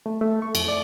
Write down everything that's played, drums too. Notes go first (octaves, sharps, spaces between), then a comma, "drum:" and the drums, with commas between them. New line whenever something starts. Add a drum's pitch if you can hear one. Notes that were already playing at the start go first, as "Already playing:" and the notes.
A3
A3
C#6
F2, drum: cymbal
D5